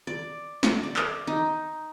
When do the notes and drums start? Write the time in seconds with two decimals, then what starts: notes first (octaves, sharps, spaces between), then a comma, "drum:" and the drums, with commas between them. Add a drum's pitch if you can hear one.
0.07 D5
0.63 drum: snare
0.83 D5
0.96 drum: clap
1.27 D#4